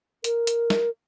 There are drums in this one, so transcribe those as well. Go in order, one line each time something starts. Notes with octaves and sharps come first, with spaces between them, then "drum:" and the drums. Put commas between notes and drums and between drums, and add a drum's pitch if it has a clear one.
A#4, drum: hi-hat
drum: hi-hat
drum: snare